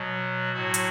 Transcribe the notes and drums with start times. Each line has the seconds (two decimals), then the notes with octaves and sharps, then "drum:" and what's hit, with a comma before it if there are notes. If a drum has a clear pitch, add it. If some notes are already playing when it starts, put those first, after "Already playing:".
Already playing: B2 F#3
0.53 A2 F#3 F#4
0.74 drum: hi-hat